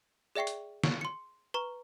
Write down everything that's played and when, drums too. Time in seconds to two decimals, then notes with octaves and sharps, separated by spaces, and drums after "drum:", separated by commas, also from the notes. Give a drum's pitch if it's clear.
0.35 G#4 D5 E5 G5 C#6 C7
0.47 drum: hi-hat
0.84 C#6, drum: snare
1.01 C6 C#7
1.54 B4 A#5 C#6